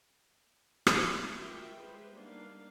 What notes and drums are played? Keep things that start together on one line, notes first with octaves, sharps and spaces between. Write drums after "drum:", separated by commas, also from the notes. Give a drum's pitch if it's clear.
drum: rim click
F4 F#4 A#4 E5 G5
G#3 G4 B4 C5
G3 A#3 B3 D4 D#4 F5